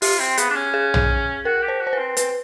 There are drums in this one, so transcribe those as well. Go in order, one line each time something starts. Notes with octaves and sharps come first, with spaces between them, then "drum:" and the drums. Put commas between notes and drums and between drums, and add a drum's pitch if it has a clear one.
F4 G4, drum: open hi-hat
C4
B3 G#4, drum: hi-hat
D4
C#4
G#4
drum: tom
F#4 A#4
G4
C5
F#4
C5
B4
C4
C4 B4, drum: hi-hat